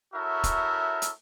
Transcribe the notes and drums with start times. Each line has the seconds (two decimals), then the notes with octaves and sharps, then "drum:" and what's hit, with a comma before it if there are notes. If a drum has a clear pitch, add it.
0.15 E4 F#4 A4 A#4 C#5 E5
0.44 drum: kick, hi-hat
1.02 drum: hi-hat